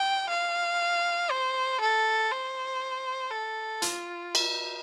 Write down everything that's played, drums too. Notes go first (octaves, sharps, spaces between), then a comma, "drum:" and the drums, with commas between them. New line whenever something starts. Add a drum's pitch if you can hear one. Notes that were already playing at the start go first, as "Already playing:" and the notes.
Already playing: G5
F5
C5
A4
C5
A4
F4, drum: hi-hat
drum: cymbal